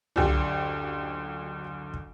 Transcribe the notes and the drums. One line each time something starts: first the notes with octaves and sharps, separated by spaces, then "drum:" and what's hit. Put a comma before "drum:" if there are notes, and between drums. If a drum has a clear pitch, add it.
F#1 D2 F4 G4, drum: tom C2
drum: kick